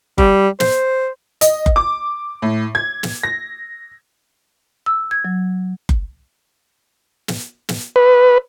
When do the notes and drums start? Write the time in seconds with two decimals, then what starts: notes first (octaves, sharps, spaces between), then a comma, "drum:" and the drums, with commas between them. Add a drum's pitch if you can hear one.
0.18 G3, drum: kick F#1
0.60 C5, drum: snare
1.41 D#5, drum: hi-hat
1.66 drum: kick F#1
1.76 D6
2.42 A2
2.75 G#6
3.03 drum: snare
3.23 A#6
4.86 E6
5.11 G#6
5.25 F#3
5.89 drum: kick F#1
7.28 drum: snare
7.69 drum: snare
7.96 B4